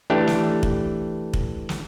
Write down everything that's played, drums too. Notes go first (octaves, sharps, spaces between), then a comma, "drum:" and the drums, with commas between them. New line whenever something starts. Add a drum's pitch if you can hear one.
E3 A3 D4 G4
drum: snare
drum: kick
drum: kick
drum: snare